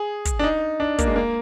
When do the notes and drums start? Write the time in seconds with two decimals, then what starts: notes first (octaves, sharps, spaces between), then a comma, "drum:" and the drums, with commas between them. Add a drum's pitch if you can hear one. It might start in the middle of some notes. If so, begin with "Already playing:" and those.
Already playing: G#4
0.25 drum: kick, hi-hat
0.39 D4
0.44 D#4
0.80 D4
0.98 A#3, drum: kick, hi-hat
1.07 G#3
1.16 A#3